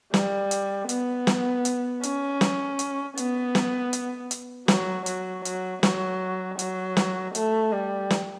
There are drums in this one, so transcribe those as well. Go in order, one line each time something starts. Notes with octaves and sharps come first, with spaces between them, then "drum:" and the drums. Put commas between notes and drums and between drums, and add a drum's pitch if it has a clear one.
G3, drum: snare
drum: hi-hat
B3, drum: hi-hat
drum: snare
drum: hi-hat
C#4, drum: hi-hat
drum: snare
drum: hi-hat
B3, drum: hi-hat
drum: snare
drum: hi-hat
drum: hi-hat
F#3, drum: snare
F#3, drum: hi-hat
F#3, drum: hi-hat
F#3, drum: snare
F#3, drum: hi-hat
drum: snare
A3, drum: hi-hat
G3
drum: snare